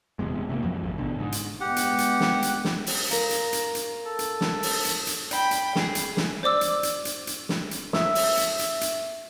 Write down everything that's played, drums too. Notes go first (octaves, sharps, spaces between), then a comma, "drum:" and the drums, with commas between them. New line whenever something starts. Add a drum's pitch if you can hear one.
D#1 E2 C3 G#3
C3 F3 A#3
F2 F3 F#3
G#1
G#1 B2 D3
G#2
drum: hi-hat
G#3 B3 G4 F#5
drum: hi-hat
drum: hi-hat
drum: snare
drum: hi-hat
drum: snare
drum: open hi-hat
A#4 F5 A#5, drum: hi-hat
drum: hi-hat
drum: hi-hat
drum: hi-hat
A4
drum: hi-hat
drum: snare
drum: open hi-hat
drum: hi-hat
drum: hi-hat
G5 B5, drum: hi-hat
drum: hi-hat
G#4, drum: snare
drum: hi-hat
drum: snare
C5 D5 D6 E6
drum: hi-hat
drum: hi-hat
drum: hi-hat
drum: hi-hat
drum: snare
drum: hi-hat
E5, drum: snare
drum: open hi-hat
drum: hi-hat
drum: hi-hat
drum: hi-hat